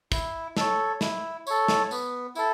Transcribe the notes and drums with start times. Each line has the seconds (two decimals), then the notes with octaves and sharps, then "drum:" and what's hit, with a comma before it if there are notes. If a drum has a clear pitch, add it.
0.12 E4, drum: kick, tambourine
0.57 A4 C#5, drum: snare
1.01 E4, drum: snare
1.47 A4 C#5, drum: tambourine
1.68 drum: snare
1.91 B3, drum: tambourine
2.35 E4 A4, drum: tambourine